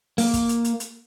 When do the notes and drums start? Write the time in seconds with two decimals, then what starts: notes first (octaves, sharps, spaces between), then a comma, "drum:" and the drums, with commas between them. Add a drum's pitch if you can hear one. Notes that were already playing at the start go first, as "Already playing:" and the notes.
0.18 A#3, drum: open hi-hat
0.34 drum: kick, hi-hat
0.49 drum: hi-hat
0.64 drum: hi-hat
0.80 drum: hi-hat